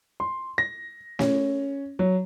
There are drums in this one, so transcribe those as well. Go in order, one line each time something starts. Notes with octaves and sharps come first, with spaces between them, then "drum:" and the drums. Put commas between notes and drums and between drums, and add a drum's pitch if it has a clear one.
C6
A#6
C#4, drum: snare
F#3